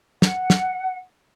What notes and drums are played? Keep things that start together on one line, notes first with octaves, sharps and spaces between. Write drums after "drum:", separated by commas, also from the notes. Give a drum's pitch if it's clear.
F#5, drum: snare
drum: snare